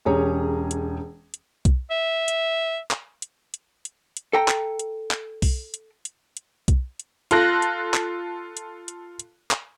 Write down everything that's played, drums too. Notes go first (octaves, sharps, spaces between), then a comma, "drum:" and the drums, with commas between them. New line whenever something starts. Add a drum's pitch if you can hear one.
E1 C#4 G4 G#4 C#5 A#5
drum: hi-hat
drum: hi-hat
drum: kick B1, hi-hat
E5
drum: hi-hat
drum: clap
drum: hi-hat
drum: hi-hat
drum: hi-hat
drum: hi-hat
A4 G5 A#5
drum: clap
drum: hi-hat
drum: clap
drum: kick B1, open hi-hat
drum: hi-hat
drum: hi-hat
drum: hi-hat
drum: kick B1, hi-hat
drum: hi-hat
F4 A4 F#6 A#6, drum: hi-hat
drum: hi-hat
drum: clap
drum: hi-hat
drum: hi-hat
drum: hi-hat
drum: clap